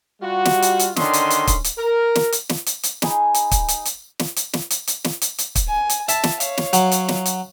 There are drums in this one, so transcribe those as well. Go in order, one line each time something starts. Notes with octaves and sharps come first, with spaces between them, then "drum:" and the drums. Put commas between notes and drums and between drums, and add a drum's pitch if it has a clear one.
G3 F4 F#4
drum: snare
drum: hi-hat
drum: hi-hat
D3 D#3 C#4 D4 D#5 C6, drum: snare
drum: hi-hat
drum: hi-hat
drum: kick, hi-hat
drum: hi-hat
A#4
drum: snare
drum: hi-hat
drum: snare
drum: hi-hat
drum: hi-hat
D#4 G#4 G#5 B5, drum: snare
drum: hi-hat
drum: kick, hi-hat
drum: hi-hat
drum: hi-hat
drum: snare
drum: hi-hat
drum: snare
drum: hi-hat
drum: hi-hat
drum: snare
drum: hi-hat
drum: hi-hat
drum: kick, hi-hat
G#5
drum: hi-hat
E5 A5, drum: hi-hat
drum: snare
C#5 F5, drum: hi-hat
drum: snare
F#3, drum: hi-hat
drum: hi-hat
drum: snare
drum: hi-hat